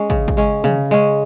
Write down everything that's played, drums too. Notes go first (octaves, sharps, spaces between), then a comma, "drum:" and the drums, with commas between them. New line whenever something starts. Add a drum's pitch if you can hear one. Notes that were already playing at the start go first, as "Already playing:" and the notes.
Already playing: G#3 C#4
C#3, drum: kick
drum: kick
G#3 C#4
C#3, drum: tom
G#3 C#4